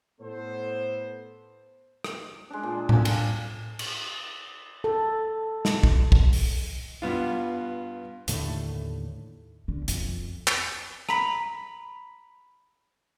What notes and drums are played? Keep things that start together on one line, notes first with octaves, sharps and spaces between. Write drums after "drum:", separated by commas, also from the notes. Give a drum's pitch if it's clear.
A2 B3 A4 C5
drum: rim click
G#3 D4
A#2
D4 G#4 A4 F5, drum: tom A2
G5 G#5 B5, drum: cymbal
drum: cymbal
A4
drum: snare
drum: kick
drum: kick
drum: open hi-hat
G2 B3 F4
D#2 A2 D3 A3, drum: hi-hat
D3
F2, drum: hi-hat
drum: clap
A#5 B5, drum: rim click